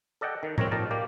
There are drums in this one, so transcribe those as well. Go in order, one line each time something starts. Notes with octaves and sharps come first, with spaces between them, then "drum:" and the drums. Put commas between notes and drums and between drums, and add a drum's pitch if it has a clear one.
A4 D5 D#5 F#5 G5
D#3
C#2 C4 A#4 C#5 A#5, drum: tom A2
A#2 D#4 G4 A#4 A5
A#3 G4 D5